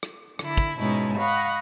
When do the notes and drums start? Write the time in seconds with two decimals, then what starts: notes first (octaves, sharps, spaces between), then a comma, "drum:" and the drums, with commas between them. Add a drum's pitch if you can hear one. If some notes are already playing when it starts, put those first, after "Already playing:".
0.03 drum: rim click
0.39 D3 E4, drum: rim click
0.57 drum: kick
0.78 G#2 B2 G#3 C#4 D#4 E4
1.18 D#5 F5 F#5 B5 C#6